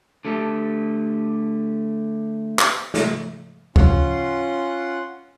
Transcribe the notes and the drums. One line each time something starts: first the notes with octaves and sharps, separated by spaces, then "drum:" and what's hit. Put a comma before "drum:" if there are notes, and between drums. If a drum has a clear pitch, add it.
D3 A3 G4 A5
drum: clap
drum: snare
C#4 F4 F#5 C6, drum: kick C#2